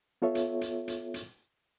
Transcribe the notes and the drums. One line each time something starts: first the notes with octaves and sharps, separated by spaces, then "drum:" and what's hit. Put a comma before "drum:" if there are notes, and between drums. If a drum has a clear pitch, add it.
B3 F4 A4 C#5 E5
drum: hi-hat
drum: hi-hat
drum: hi-hat
drum: hi-hat